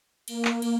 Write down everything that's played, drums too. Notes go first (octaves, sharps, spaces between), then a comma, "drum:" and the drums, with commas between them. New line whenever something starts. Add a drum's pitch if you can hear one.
A#3, drum: cymbal
drum: clap
drum: cymbal